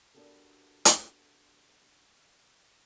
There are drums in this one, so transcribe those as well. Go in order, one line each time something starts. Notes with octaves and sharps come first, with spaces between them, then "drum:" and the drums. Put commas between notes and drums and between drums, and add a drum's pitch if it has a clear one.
B3 D4 F#4 G4 A4 A#4
drum: hi-hat